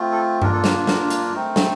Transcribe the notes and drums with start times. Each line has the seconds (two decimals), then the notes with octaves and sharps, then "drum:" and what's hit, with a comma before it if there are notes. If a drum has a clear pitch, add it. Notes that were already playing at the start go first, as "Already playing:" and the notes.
Already playing: A3 C4 F4
0.12 A4
0.42 A#3 D4 F4 A#4, drum: tom G2
0.53 A4
0.64 A#4, drum: snare
0.87 A#4, drum: snare
1.10 drum: hi-hat
1.34 A3 C4 D#4
1.56 drum: snare